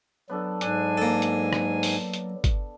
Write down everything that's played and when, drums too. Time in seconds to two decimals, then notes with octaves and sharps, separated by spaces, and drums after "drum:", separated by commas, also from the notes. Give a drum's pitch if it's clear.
0.30 F#3 B3 D4 A4
0.61 G#2 D4 G#5, drum: hi-hat
0.97 A#3 A4
1.22 drum: hi-hat
1.53 drum: rim click
1.83 drum: open hi-hat
2.13 drum: hi-hat
2.44 drum: kick G1, hi-hat